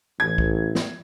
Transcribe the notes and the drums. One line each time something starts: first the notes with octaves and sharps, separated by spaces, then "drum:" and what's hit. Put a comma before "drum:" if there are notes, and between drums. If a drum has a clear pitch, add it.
A1 G#6
drum: kick B1
drum: snare